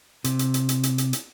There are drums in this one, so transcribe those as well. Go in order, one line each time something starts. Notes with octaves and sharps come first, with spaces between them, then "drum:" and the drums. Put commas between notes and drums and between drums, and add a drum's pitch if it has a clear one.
C3, drum: hi-hat
drum: hi-hat
drum: hi-hat
drum: hi-hat
drum: hi-hat
drum: hi-hat
drum: hi-hat